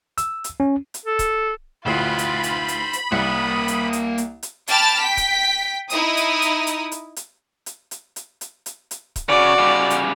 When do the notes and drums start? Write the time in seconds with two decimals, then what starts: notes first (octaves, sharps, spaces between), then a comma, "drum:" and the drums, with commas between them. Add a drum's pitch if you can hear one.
0.18 E6, drum: hi-hat
0.44 drum: hi-hat
0.60 C#4
0.94 drum: hi-hat
1.06 A4
1.19 drum: kick C#1, hi-hat
1.86 A1 D2 F4 C5 F#5 B5
2.19 drum: hi-hat
2.43 drum: hi-hat
2.68 drum: hi-hat
2.93 drum: hi-hat
3.12 C2 A#3 F#5 D#6
3.68 drum: hi-hat
3.93 drum: hi-hat
4.18 drum: hi-hat
4.43 drum: hi-hat
4.67 G5 A5 B5 D6 F6 A6, drum: hi-hat
5.00 G5 B6
5.17 drum: kick C#1, hi-hat
5.90 D#4 E4 D#6, drum: hi-hat
6.17 drum: hi-hat
6.42 drum: hi-hat
6.67 drum: hi-hat
6.92 drum: hi-hat
7.16 drum: hi-hat
7.66 drum: hi-hat
7.91 drum: hi-hat
8.16 drum: hi-hat
8.41 drum: hi-hat
8.66 drum: hi-hat
8.91 drum: hi-hat
9.16 drum: kick C#1, hi-hat
9.29 C#3 F#4 D5
9.59 C#3 G3
9.90 drum: hi-hat